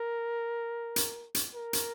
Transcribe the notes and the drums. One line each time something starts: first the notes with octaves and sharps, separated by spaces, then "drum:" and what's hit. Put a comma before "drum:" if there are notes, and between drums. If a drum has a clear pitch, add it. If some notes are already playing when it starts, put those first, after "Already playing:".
Already playing: A#4
drum: hi-hat
drum: hi-hat
A#4
drum: hi-hat